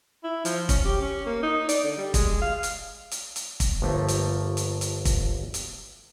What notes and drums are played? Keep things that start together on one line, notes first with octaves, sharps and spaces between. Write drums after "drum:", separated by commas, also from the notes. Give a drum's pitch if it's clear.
E4
F3, drum: hi-hat
C#4, drum: kick, hi-hat
G4
C#4
A#3
D#4
D5, drum: hi-hat
D3
G3
G#3, drum: kick, hi-hat
F5
drum: hi-hat
drum: hi-hat
drum: hi-hat
drum: kick, hi-hat
G1 F3 A3 A#3
drum: hi-hat
drum: hi-hat
drum: hi-hat
drum: kick, hi-hat
drum: hi-hat